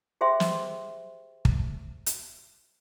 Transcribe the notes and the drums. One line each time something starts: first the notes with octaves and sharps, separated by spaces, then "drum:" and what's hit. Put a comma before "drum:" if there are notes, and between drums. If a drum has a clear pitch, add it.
G4 G#4 C5 E5 G5 C6
drum: snare
drum: kick
drum: hi-hat